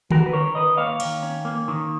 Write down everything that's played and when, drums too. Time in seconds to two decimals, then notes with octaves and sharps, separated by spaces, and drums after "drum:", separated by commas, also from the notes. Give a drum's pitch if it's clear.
0.11 D#3 F#4 A#4, drum: tom D3
0.26 B4
0.33 C#4 A#4 C#5
0.55 D#3 B4 D#5
0.77 A#3 C#5 F5
1.00 D#3, drum: cymbal
1.23 C#4
1.45 A#3
1.68 D#3